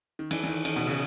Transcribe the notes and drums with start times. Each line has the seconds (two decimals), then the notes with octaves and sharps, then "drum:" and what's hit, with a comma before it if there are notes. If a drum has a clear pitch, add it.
0.19 D#3
0.31 E3, drum: cymbal
0.44 E3
0.47 D#3
0.65 D#3, drum: cymbal
0.76 B2
0.87 C#3